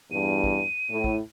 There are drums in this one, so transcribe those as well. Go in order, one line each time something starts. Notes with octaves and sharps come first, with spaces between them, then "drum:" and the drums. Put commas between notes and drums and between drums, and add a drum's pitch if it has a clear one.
E2 G2 D#7
drum: kick
A2
drum: kick